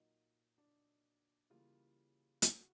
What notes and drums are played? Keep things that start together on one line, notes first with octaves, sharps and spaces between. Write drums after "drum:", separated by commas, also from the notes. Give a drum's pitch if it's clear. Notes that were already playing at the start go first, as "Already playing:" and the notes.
Already playing: A#2 F#3 A#3 D#4
D4
C#3 E3 G3 A#3 F4
F#4, drum: hi-hat